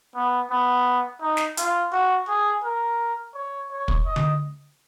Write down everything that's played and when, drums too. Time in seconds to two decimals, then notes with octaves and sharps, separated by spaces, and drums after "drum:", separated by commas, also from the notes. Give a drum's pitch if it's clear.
0.15 B3
0.50 B3
1.21 D#4
1.37 drum: snare
1.57 F4, drum: hi-hat
1.92 F#4
2.28 G#4
2.64 A#4
3.35 C#5
3.71 C#5
3.88 drum: kick
4.06 D#5
4.16 drum: tom D3